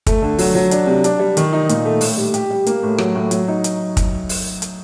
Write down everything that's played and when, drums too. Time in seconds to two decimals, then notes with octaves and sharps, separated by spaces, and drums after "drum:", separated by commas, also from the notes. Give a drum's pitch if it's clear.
0.07 A3, drum: kick, hi-hat
0.22 D3
0.38 F#3, drum: open hi-hat
0.55 F#3
0.71 D4, drum: hi-hat
0.87 C3
1.04 D4, drum: hi-hat
1.19 G3
1.37 D#3, drum: hi-hat
1.53 D#4
1.69 A#2, drum: hi-hat
1.85 A3
2.01 A2, drum: open hi-hat
2.17 G3
2.34 G4, drum: hi-hat
2.50 G3
2.66 A#3, drum: hi-hat
2.83 A2
2.98 F#3, drum: rim click
3.15 A2
3.31 F#3, drum: hi-hat
3.48 D#4
3.64 drum: hi-hat
3.97 drum: kick, hi-hat
4.29 drum: open hi-hat
4.62 drum: hi-hat